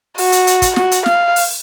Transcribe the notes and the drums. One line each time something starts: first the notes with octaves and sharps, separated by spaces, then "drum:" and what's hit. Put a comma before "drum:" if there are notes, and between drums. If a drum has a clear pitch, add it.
F#4, drum: open hi-hat
drum: hi-hat
drum: hi-hat
drum: kick, hi-hat
F#4, drum: snare
drum: hi-hat
F5, drum: snare
drum: open hi-hat